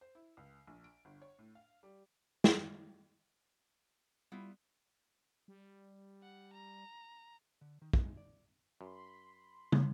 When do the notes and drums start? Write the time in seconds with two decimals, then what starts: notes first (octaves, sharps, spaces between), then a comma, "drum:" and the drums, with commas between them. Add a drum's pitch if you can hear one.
0.01 C5
0.15 E4
0.37 C#2
0.67 A#1
0.84 D7
1.05 G1
1.22 C#5
1.39 A2
1.55 F5
1.83 G3
2.44 drum: snare
4.32 G3 B3 E4 F4
5.48 G3
6.23 F#5
6.53 A#5
7.61 D3
7.82 D#3
7.93 G#3, drum: kick
8.17 D5
8.81 F#2 B5 C6
9.72 drum: tom